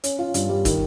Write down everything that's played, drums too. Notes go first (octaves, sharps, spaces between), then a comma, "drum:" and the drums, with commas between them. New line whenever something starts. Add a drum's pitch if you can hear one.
C#4, drum: hi-hat
F4
G2, drum: hi-hat
G3
D#3, drum: kick, hi-hat